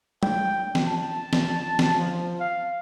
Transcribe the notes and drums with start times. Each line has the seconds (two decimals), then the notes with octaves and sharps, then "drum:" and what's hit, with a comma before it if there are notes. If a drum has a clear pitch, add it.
0.23 G5, drum: tom F#3
0.75 drum: snare
0.88 A5
1.33 drum: snare
1.79 drum: snare
1.98 F3
2.40 F5